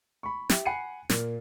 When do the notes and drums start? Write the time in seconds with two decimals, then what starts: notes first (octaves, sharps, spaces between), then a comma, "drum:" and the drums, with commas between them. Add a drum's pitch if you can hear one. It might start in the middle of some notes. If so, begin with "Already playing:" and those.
0.23 B5 C#6
0.49 G4 E5, drum: snare
0.65 F#5 G#5 B5 C7 C#7 D#7
1.10 A#2 A#3, drum: snare